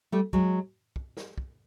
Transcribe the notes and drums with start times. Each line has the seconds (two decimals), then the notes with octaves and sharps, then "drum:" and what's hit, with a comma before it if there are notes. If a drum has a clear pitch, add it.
0.12 G3 A3
0.33 F#3 G#3, drum: kick
0.96 drum: kick
1.17 drum: snare
1.38 drum: kick